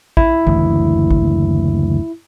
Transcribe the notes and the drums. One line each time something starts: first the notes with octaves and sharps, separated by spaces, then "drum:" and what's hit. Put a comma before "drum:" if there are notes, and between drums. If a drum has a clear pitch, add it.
E4, drum: kick
F#1 D2 E3, drum: kick
drum: kick